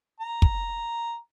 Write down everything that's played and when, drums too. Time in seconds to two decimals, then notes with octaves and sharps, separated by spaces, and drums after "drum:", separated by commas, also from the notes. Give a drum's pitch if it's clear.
0.20 A#5
0.42 drum: kick